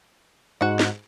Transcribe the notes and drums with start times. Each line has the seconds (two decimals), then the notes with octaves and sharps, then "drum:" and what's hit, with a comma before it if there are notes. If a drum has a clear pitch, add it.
0.61 G#2 F#4 F#5
0.79 drum: snare